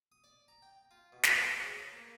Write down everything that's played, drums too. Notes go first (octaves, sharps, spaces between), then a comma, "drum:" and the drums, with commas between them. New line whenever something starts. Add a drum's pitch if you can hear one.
D#6
D5
A#5
G5
F4
B2
drum: snare
C4
C#3
B4
A#3